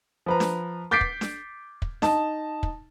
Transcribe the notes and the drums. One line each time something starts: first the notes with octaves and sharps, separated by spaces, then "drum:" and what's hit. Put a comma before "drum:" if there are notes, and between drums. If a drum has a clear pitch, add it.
F3 B4 A#5
drum: snare D4
D6 G6 A6 B6 C7 D7
drum: kick
drum: snare D4
drum: kick
D#4 A5, drum: snare D4
drum: kick